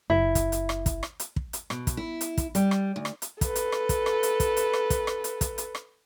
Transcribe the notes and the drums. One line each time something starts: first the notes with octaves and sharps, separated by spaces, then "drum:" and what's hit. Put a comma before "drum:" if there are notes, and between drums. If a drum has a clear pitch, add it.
F#1 E4
drum: kick, hi-hat
drum: hi-hat
drum: rim click
drum: kick, hi-hat
drum: rim click
drum: hi-hat
drum: kick
drum: hi-hat
B2, drum: rim click
drum: kick, hi-hat
E4
drum: hi-hat
drum: kick, hi-hat
G3, drum: hi-hat
drum: rim click
D2
drum: rim click
drum: hi-hat
A4 B4, drum: kick, hi-hat
drum: hi-hat
drum: rim click
drum: kick, hi-hat
drum: rim click
drum: hi-hat
drum: kick, hi-hat
drum: hi-hat
drum: rim click
drum: kick, hi-hat
drum: rim click
drum: hi-hat
drum: kick, hi-hat
drum: hi-hat
drum: rim click